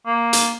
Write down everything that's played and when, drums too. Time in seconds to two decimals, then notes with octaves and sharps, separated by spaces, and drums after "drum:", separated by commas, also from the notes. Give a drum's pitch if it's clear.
0.07 A#3
0.33 drum: hi-hat